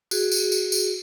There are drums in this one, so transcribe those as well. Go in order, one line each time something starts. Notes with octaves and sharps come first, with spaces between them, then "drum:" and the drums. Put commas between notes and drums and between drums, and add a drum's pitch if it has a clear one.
F#4 G#4, drum: tambourine
drum: tambourine
drum: tambourine
drum: tambourine